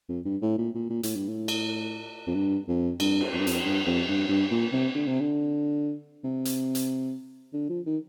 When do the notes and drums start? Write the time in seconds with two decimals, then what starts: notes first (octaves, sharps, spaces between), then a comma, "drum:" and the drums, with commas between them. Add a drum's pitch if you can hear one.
0.08 F2
0.25 G2
0.42 A2
0.58 A#2
0.74 A#2
0.90 A#2
1.03 A2, drum: hi-hat
1.16 G2
1.28 A2
1.48 drum: cymbal
2.27 F2
2.35 G2
2.68 F2
3.00 G2, drum: cymbal
3.21 drum: cymbal
3.33 F2
3.39 G2
3.47 F2, drum: hi-hat
3.65 G2
3.86 F2
4.09 G2
4.29 G2
4.51 A#2
4.72 C3
4.95 D3
5.08 C3
5.21 D3
6.24 C3
6.45 drum: hi-hat
6.75 drum: hi-hat
7.53 D3
7.69 F3
7.86 D#3